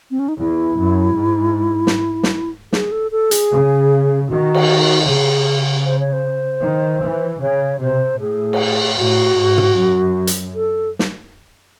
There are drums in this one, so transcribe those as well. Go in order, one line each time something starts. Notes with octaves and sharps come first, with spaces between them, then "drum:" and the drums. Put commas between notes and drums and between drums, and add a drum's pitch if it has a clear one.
C4
C#4
D#4
E2 E4
F#2
G#2
drum: snare
drum: snare
G#4, drum: snare
A4
A4
G#4, drum: hi-hat
C#3
D#3 F#4
drum: cymbal
C#3 G#4
C5
C#5
C5
D#3
E3
C#3 C#5
C3 C5
A2 G#4
drum: cymbal
A2 F#4
G#2
drum: tom
F#2
drum: hi-hat
A4
drum: snare